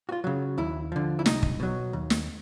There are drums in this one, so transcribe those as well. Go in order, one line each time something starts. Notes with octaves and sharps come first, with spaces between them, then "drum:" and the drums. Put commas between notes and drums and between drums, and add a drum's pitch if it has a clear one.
F#4
F4
C#3 F#3
D#2 E4
D3 F3
E4
C2 D#4, drum: snare
drum: kick
B2 F#3
D#2
drum: snare